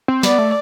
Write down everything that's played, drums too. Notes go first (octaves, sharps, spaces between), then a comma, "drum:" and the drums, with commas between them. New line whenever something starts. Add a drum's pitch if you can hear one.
C4
B3 D5, drum: snare
A3